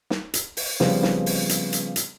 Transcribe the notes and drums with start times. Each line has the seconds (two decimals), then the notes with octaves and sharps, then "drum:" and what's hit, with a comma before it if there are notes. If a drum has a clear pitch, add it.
0.10 drum: snare
0.34 drum: hi-hat
0.57 drum: open hi-hat
0.80 C#3 F3 G3 B3 C4, drum: snare
1.03 drum: snare
1.26 drum: open hi-hat
1.49 drum: hi-hat
1.73 drum: hi-hat
1.96 drum: hi-hat